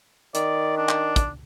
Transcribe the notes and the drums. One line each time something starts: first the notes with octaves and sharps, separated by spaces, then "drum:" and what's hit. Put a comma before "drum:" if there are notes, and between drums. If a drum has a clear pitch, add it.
D#3 D5, drum: hi-hat
D4
drum: clap
drum: kick, hi-hat